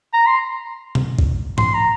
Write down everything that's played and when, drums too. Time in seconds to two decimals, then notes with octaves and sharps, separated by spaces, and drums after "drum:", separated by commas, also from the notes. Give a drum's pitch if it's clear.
0.14 A#5
0.27 C6
0.95 drum: tom B2
1.19 drum: kick A#1
1.58 C6, drum: tom G#2
1.74 A#5